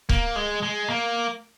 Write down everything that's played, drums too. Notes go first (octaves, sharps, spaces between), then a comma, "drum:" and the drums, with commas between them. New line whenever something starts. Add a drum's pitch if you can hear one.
A#3, drum: kick C#1
G#3
G#3
A#3